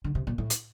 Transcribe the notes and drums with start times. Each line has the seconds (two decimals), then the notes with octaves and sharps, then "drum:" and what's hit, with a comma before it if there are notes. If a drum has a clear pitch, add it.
0.04 D3
0.15 C3
0.27 A#2
0.38 A2
0.50 drum: hi-hat